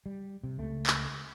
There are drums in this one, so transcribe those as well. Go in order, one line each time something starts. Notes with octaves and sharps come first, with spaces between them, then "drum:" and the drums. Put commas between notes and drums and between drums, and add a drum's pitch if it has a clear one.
G3
C3
C#2 A3
drum: clap